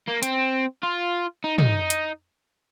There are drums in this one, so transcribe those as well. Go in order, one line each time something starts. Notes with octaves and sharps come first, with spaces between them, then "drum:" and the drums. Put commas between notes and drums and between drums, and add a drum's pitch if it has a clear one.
A#3
C4, drum: hi-hat
F4
D#4
D#4, drum: tom
drum: hi-hat